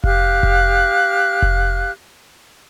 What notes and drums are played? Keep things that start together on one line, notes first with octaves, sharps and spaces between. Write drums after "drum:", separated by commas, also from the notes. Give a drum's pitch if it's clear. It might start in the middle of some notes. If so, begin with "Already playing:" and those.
G4 F5 F6 F#6, drum: kick F1
drum: kick F1
drum: kick F1